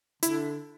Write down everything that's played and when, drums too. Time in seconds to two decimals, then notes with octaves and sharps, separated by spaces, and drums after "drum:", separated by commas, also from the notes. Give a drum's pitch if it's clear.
0.23 D3 E4, drum: hi-hat